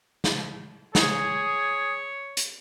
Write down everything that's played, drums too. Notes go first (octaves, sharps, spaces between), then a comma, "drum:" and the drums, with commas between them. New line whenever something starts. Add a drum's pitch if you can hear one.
drum: snare
G#4 C#5, drum: snare
drum: hi-hat